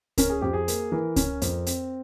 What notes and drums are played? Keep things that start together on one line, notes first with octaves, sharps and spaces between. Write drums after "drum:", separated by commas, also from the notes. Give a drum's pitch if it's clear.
C#4 A#4, drum: kick C#2, hi-hat
G#4
F2 G4
G#4
A#3, drum: hi-hat
E3 A#4
C#4, drum: kick C#2, hi-hat
F2, drum: hi-hat
C4, drum: hi-hat